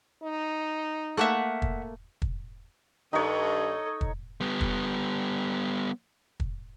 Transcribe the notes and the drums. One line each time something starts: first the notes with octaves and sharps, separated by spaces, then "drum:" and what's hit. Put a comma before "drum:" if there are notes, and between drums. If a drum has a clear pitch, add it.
D#4
A3 A#3 A#4 E5 F#5 F#6
drum: kick
drum: kick
G2 D#3 D#4 A4 C#5 D#5
drum: kick
G3 B3
drum: kick
drum: kick